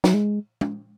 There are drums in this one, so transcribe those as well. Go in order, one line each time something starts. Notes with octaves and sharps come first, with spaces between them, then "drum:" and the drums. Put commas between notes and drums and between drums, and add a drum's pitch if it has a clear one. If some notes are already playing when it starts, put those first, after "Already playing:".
F#3, drum: snare
G#3
drum: tom